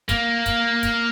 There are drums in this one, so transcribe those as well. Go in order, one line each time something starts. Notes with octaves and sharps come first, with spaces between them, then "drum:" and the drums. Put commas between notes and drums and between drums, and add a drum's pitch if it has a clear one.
A#3, drum: kick, hi-hat
drum: kick, hi-hat
drum: kick, hi-hat